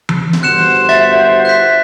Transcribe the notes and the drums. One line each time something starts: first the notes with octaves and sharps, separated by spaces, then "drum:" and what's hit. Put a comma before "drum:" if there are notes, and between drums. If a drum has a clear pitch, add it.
drum: tom E3
drum: snare
G1 F#4 C5 F#6 C#7 E7
E5 A6
F#6 B6